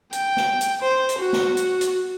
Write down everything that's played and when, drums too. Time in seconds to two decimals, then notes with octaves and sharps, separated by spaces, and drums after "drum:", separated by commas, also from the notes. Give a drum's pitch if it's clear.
0.13 G5, drum: hi-hat
0.37 drum: snare
0.61 drum: hi-hat
0.82 C5
1.09 drum: hi-hat
1.18 F#4
1.33 drum: snare
1.57 drum: hi-hat
1.81 drum: hi-hat